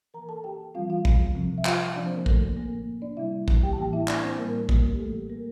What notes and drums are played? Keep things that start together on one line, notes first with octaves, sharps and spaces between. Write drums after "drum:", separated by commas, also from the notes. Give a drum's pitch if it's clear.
E3 A#3 A#4 A#5
A4 A5
G4 G5
E3 G3 C4 F4 F5
F4 F5
drum: kick A#1
C3 F3 C4
E5
F4 F5, drum: clap
D3 F3 A#3 D4 D5
C4 C5
A#3 A#4
A3 A4, drum: kick A#1
A2 F3 A#3 C4 A#4
D4 D5
C3 G3 C4 E4 E5
drum: kick A#1
G4 G5
A5
A2 E3 A#3 G4 G5
E4 E5
D4 D5, drum: clap
C4 C5
A2 G3 A#3 C4 A#4
A#3 A#4, drum: kick A#1
G4
A2 E3 G3 A3 A#3 A4
G4
A#3 A#4